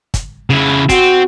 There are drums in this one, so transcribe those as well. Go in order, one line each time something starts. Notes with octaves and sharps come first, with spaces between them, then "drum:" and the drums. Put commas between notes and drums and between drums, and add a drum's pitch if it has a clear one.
drum: kick, hi-hat
C#3 E4
C4 F#4, drum: kick, hi-hat